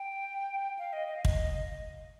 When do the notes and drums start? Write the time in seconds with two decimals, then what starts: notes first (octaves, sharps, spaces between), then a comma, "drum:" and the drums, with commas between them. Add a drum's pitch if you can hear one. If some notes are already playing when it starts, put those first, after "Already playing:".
Already playing: G5
0.79 F5
0.93 D#5
1.08 D#5
1.16 F5
1.25 D#5, drum: kick